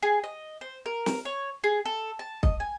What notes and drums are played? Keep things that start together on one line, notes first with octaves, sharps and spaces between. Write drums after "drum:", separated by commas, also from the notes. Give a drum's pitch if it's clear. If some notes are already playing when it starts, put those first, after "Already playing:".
G#4
D#5
C5
A#4
drum: snare
C#5
G#4
A4
A5
D#5, drum: kick B1
G#5